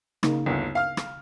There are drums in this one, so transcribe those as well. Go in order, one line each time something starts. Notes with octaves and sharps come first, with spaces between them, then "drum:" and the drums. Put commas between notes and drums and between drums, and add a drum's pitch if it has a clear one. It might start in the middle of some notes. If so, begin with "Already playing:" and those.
C#3 A#3 D#4, drum: rim click
G1 D2
F5 F6
drum: rim click